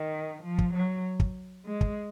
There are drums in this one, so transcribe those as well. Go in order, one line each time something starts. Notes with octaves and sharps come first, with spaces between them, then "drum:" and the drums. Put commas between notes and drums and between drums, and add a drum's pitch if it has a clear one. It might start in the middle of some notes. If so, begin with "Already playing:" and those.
Already playing: D#3
F3
drum: kick
F#3
drum: kick
G#3
drum: kick